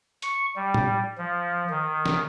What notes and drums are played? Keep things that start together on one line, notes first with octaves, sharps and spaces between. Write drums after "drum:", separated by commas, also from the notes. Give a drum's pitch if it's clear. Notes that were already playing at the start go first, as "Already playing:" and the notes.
C#6, drum: hi-hat
G3
drum: tom A2
F3
D#3
drum: snare